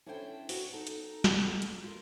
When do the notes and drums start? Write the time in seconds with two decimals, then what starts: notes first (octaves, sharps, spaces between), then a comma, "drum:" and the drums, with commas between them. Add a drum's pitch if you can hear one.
0.06 C#4 D4 E4 A4 C5 G5
0.49 F#4, drum: open hi-hat
0.73 D#4 A4 A5 A#5
0.87 drum: hi-hat
1.24 drum: snare
1.43 G#3
1.62 drum: hi-hat
1.84 F4 A#4